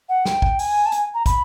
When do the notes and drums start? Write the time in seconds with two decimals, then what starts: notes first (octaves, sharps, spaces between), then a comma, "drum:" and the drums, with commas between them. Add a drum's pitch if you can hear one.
0.09 F#5
0.25 G5, drum: snare
0.42 drum: kick
0.59 G#5, drum: open hi-hat
0.86 A5
0.92 G#5, drum: hi-hat
1.14 A#5
1.26 B5, drum: kick, hi-hat